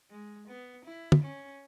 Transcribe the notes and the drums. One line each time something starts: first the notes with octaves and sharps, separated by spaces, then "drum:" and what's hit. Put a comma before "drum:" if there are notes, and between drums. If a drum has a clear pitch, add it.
G#3
B3
E4
drum: tom
C#4